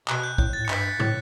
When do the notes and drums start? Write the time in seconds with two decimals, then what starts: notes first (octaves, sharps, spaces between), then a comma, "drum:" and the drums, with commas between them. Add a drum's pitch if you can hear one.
0.08 B2 F#6, drum: clap
0.23 G6
0.38 A2 G6, drum: kick
0.53 A6
0.59 A2
0.65 C#7
0.69 G2 B6, drum: clap
0.99 A2, drum: tom